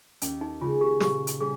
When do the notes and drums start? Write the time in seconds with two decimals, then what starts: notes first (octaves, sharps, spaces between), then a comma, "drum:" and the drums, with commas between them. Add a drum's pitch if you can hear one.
0.22 D#2 C#4, drum: hi-hat
0.41 D#4
0.61 C#3 G#3 F4
0.81 G4
1.00 A#2 G4, drum: snare
1.27 drum: hi-hat
1.40 G3 C#4 G#4